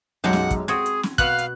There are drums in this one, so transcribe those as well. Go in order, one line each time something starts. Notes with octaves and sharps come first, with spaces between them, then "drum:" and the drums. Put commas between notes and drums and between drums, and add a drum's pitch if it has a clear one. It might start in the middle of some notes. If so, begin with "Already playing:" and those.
B1 F#2 G#3 G4 F#5
drum: snare
drum: kick, hi-hat
C4 F#4 G#4 G#6, drum: hi-hat
drum: hi-hat
drum: snare
B2 B3 F5 F#6, drum: kick, hi-hat
drum: hi-hat